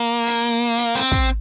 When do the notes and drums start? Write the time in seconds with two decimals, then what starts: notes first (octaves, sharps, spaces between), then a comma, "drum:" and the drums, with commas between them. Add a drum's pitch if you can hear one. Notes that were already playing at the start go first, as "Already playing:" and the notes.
Already playing: A#3
0.27 drum: hi-hat
0.78 drum: hi-hat
0.95 C4, drum: hi-hat
1.11 drum: kick, hi-hat